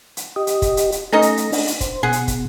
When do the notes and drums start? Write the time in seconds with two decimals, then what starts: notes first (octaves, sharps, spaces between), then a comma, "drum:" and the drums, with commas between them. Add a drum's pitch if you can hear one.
0.17 drum: hi-hat
0.36 G4 D#5
0.47 drum: hi-hat
0.62 drum: kick, hi-hat
0.77 drum: hi-hat
0.92 drum: hi-hat
1.12 A3 C#4 D#4 D#5 A#5
1.22 drum: hi-hat
1.37 drum: hi-hat
1.52 D4, drum: open hi-hat
1.67 drum: hi-hat
1.80 C5, drum: kick, hi-hat
2.03 B2 G#4 F#5
2.13 drum: hi-hat
2.28 drum: kick, hi-hat